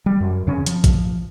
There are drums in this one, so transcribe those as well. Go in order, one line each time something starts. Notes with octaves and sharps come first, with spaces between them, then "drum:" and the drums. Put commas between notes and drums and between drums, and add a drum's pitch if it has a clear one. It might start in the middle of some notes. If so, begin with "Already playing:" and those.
G3
F#2
E2 C#3 C4 C#4
F3, drum: hi-hat
drum: kick A#1, hi-hat